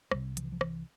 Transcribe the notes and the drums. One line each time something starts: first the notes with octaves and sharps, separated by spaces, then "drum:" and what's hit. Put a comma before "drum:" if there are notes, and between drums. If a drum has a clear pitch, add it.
C2 C3 G3, drum: rim click
F3, drum: hi-hat
E3
F3
E3, drum: rim click